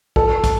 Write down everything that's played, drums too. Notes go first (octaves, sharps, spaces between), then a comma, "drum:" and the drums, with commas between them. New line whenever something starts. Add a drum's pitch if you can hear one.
A4, drum: kick
drum: kick, hi-hat